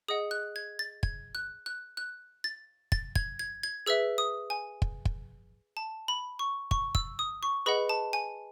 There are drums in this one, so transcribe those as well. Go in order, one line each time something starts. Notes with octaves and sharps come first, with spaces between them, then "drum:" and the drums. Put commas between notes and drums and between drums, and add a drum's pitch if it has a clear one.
G#4 D#5 F#5 D#6
F#6
G#6
A6
G#6, drum: kick
F#6
F#6
F#6
A6
A6, drum: kick
G#6, drum: kick
G#6
G#6
G#4 B4 E5 E6
D#6
G#5
drum: kick
drum: kick
A5
B5
C#6
C#6, drum: kick
E6, drum: kick
D#6
C#6
G#4 B4 D#5 F#5 B5
A5
G#5